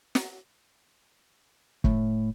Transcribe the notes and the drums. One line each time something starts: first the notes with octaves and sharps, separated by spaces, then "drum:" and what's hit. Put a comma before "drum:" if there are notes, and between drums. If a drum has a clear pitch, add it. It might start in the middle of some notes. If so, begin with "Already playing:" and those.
drum: snare
A2, drum: kick